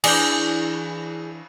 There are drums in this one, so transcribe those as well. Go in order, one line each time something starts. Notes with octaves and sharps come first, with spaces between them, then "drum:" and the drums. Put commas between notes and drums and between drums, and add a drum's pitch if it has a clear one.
E3 D4 G#4 D5 G6, drum: cymbal